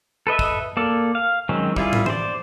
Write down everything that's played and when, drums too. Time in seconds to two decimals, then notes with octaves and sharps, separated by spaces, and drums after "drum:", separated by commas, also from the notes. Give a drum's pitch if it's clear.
0.27 A4 B4 D#5 E5
0.39 drum: kick
0.77 A#3 A4 D5
1.15 F5
1.49 D#3 F#3 G#3 C4 C#4
1.76 G3 E4 F4 G#4, drum: kick
1.93 drum: tom
2.06 C5 D5, drum: tom E3